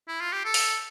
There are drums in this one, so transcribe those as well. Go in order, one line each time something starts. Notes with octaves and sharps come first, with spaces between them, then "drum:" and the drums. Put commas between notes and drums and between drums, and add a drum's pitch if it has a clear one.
E4
F4
G4
A4
drum: open hi-hat